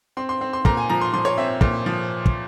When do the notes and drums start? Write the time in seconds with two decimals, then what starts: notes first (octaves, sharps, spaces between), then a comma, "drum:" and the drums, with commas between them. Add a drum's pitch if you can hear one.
0.17 C4 C6
0.29 C6
0.41 C4
0.53 C6
0.65 A#2 A#5, drum: kick
0.77 G#5
0.89 F3 A#5
1.01 C6
1.13 F3 C6
1.25 C#5
1.38 C4 E5
1.61 A#2, drum: kick
1.86 F3
2.26 drum: kick